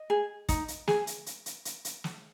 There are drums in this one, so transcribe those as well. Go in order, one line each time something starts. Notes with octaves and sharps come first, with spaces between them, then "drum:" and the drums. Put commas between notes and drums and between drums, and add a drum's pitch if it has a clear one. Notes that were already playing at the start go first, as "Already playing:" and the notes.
Already playing: D#5
G#4
D#4, drum: kick, hi-hat
drum: hi-hat
G#4, drum: snare
drum: hi-hat
drum: hi-hat
drum: hi-hat
drum: hi-hat
drum: hi-hat
drum: snare